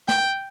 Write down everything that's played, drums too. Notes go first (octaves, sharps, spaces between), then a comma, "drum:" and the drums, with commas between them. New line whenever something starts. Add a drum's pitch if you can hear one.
G5, drum: snare